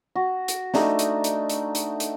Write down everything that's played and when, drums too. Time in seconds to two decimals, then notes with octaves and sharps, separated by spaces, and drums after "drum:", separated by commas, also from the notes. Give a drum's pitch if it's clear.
0.15 F#4
0.48 drum: hi-hat
0.74 A3 D4 D#4, drum: snare
0.99 drum: hi-hat
1.24 drum: hi-hat
1.50 drum: hi-hat
1.75 drum: hi-hat
2.00 drum: hi-hat